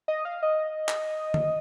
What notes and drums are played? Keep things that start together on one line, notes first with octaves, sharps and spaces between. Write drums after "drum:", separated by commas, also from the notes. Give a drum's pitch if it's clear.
D#5
F5
D#5
drum: clap
drum: tom D3